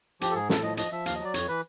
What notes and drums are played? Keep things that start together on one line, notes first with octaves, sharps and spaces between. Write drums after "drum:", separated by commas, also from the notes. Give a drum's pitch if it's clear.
F3 G4, drum: hi-hat
A4
G#2 G#4
A2 A4, drum: snare
F3 D#5
F3 D#5, drum: hi-hat
F3 E5
D#2 F5, drum: hi-hat
D#5
F#3
D5
F2 C#5, drum: hi-hat
E3 B4